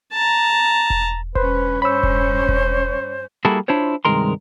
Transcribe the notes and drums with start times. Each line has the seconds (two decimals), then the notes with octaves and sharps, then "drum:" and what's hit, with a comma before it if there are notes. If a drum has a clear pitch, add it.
0.13 A5 A#5
0.90 drum: kick E1
1.35 G2 C#4 B4 C5, drum: kick E1
1.82 C5 C#5 B5 E6
2.03 drum: kick E1
2.49 drum: kick E1
3.45 G3 A#3 E4 F#4 G#4 A4
3.68 D4 E4 F4 C5 C#5
4.05 C2 G2 D#3 G#3 A#4 C6